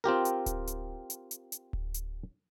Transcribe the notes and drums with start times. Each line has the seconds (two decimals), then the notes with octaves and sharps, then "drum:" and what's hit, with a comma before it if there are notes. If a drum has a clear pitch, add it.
0.04 C4 F4 G4 A#4
0.25 drum: hi-hat
0.46 drum: kick D1, hi-hat
0.67 drum: hi-hat
1.10 drum: hi-hat
1.31 drum: hi-hat
1.52 drum: hi-hat
1.73 drum: kick D1
1.94 drum: hi-hat